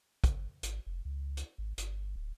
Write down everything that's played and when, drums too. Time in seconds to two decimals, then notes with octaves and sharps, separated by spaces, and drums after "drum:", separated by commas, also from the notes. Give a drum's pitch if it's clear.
0.24 G1, drum: kick, hi-hat
0.63 G#1, drum: hi-hat
0.87 F1
1.05 C#2
1.37 drum: hi-hat
1.58 G#1
1.78 G1, drum: hi-hat
2.16 D1